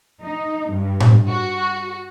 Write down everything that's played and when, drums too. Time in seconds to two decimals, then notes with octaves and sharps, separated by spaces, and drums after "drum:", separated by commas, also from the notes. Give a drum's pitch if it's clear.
0.22 D#4
0.71 G2
1.00 drum: tom A2
1.27 F#4